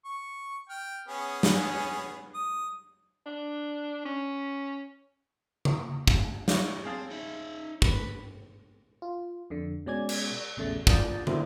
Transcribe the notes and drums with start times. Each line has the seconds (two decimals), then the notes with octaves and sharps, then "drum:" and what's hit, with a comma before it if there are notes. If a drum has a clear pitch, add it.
0.05 C#6
0.70 G5 F6
1.08 B3 C#4 G#4
1.43 drum: snare
2.34 D#6
3.26 D4
4.06 C#4
5.65 drum: tom C#3
6.07 drum: kick
6.48 G3 E4 C#6, drum: snare
6.85 C4 G#4 F5 A5
7.10 D#4 E5
7.82 B4, drum: kick
9.02 F4
9.50 F2 D3
9.86 B2 G#3 C#4 D5 G#5 G#6
10.09 drum: cymbal
10.57 A#1 E2 C#3 A3 A6
10.87 F#2 F4 D5 D#6 G6 A6, drum: kick
11.27 D4 E4 A4 C5, drum: tom